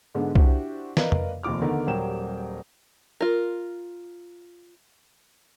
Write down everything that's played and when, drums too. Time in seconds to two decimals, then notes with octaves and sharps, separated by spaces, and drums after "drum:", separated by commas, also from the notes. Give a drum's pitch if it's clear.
0.15 G#2 D3 G#3 B3 D4
0.35 D4 E4 F#4 G4 C5, drum: kick C2
0.97 A#4 B4 D5 D#5 F5, drum: snare
1.12 drum: tom F2
1.43 F1 D#2 F3 D6 F6
1.62 D3 D#3 B3 A#4
1.87 D#1 F#3 G3 A#4 G5 E7
3.21 F4 A#4